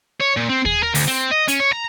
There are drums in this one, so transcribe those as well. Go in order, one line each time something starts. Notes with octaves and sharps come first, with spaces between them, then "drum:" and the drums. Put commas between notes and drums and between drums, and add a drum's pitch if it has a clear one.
C#5
A#2
C4
G#4, drum: kick D#2
A#4
D2, drum: open hi-hat
C4
D#5
C#4, drum: hi-hat
C#5
A#5